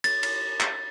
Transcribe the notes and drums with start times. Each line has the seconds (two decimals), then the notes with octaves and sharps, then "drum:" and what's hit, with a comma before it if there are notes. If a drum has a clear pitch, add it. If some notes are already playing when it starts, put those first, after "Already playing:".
0.04 A6, drum: cymbal
0.23 drum: cymbal
0.60 drum: clap